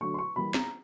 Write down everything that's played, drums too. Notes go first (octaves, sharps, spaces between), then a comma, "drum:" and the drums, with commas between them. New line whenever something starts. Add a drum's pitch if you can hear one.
D3 F#3 A3 C#6
C6
C#6
E3 G3 A#3 B5
A#5, drum: snare